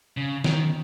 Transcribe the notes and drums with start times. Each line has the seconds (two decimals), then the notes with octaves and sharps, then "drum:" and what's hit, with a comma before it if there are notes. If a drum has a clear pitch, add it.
0.17 C#3
0.44 D#3, drum: snare